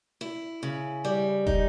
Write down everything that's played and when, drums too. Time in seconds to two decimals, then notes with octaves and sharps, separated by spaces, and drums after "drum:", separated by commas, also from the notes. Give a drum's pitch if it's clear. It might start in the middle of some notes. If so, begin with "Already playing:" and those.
0.21 E4
0.63 C#3
1.05 G3
1.47 D#4, drum: kick